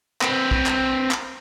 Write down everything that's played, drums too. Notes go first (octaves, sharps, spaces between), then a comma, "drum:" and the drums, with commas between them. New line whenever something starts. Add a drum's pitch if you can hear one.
C4 B4, drum: clap
drum: kick
drum: clap
drum: clap